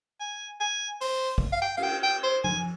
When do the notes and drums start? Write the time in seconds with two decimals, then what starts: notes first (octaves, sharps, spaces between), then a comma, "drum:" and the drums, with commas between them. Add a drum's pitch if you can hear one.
0.20 G#5
0.60 G#5
1.01 C5, drum: open hi-hat
1.38 drum: kick
1.52 F5
1.62 G5
1.77 F5, drum: cymbal
1.83 G5
2.03 G5
2.23 C5
2.44 G#5, drum: tom F3